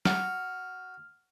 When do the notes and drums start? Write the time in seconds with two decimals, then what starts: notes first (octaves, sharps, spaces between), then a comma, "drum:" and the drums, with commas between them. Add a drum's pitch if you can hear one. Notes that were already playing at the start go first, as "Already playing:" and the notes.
0.05 F#4 F6, drum: snare